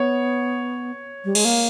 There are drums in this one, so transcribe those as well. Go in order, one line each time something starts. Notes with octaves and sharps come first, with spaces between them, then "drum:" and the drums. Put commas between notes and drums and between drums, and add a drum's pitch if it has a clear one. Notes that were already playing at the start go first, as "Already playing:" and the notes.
Already playing: B3 C#5
G3
G#3, drum: cymbal
A#3